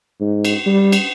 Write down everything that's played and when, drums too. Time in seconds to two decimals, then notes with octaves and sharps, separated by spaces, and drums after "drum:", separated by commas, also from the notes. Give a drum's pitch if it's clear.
0.21 G#2
0.45 drum: cymbal
0.66 G3
0.92 drum: cymbal